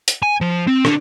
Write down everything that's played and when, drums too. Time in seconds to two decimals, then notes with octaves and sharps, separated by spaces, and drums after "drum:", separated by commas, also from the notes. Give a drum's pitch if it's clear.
0.08 drum: hi-hat
0.23 G#5
0.41 F3
0.67 C4
0.85 D3, drum: rim click